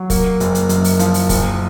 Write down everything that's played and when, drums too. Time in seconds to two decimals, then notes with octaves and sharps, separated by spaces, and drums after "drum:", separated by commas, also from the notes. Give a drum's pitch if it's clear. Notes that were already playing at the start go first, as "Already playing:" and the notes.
Already playing: F#3
0.10 A#3, drum: kick, open hi-hat
0.40 F#1, drum: hi-hat
0.55 drum: hi-hat
0.69 F#2, drum: hi-hat
0.84 drum: open hi-hat
0.99 F3, drum: hi-hat
1.14 drum: open hi-hat
1.29 F#1, drum: kick, open hi-hat